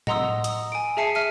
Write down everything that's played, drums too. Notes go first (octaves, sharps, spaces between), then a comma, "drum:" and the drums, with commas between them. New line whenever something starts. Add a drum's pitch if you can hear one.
D#5 F#5 A#5 C6 D#6 E6, drum: tom A2
D#6, drum: hi-hat
G#5 D7
G#4 E5 A5 C7 C#7 D#7
E5 F6 D#7